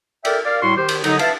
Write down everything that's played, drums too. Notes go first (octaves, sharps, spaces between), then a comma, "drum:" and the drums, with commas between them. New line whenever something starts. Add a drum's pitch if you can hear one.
A4 A#4 D5 E5 G5, drum: cymbal
A#4 D5 F5
A2 G3 E4 F#4 C6
D#3 G4 C5
drum: cymbal
D3 F#3 D#4, drum: cymbal
B4 E5 F5 A5, drum: cymbal